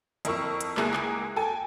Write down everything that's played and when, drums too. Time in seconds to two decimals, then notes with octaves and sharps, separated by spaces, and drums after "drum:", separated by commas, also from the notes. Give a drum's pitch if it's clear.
0.25 F2 E4 A#4 C#6 E6, drum: hi-hat
0.61 drum: hi-hat
0.77 C#2 A#3 E4 G#4 G#5 F#6, drum: clap
0.93 drum: clap
1.36 A4 G5 G#5